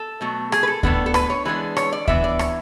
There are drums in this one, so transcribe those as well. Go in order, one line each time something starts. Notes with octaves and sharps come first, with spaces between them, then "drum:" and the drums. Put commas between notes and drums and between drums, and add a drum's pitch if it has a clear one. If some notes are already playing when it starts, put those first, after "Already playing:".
Already playing: A4
B2 F#3 A3
G#4, drum: rim click
B4
A4
A2 E3 B3 D4 A4, drum: kick D2
A4
B4, drum: rim click
C#5
E3 G#3 B3 D4 B4
C#5, drum: rim click
D5
E3 B3 D4 E5, drum: kick D2
D5
C#5, drum: rim click